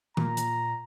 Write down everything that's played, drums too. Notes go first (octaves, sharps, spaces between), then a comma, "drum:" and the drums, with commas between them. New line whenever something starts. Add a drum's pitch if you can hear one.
A#2 A#5, drum: tom D#3
drum: hi-hat